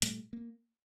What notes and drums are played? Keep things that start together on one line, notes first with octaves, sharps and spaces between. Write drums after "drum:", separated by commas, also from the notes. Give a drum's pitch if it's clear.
A#2 G3 A3, drum: hi-hat
A#3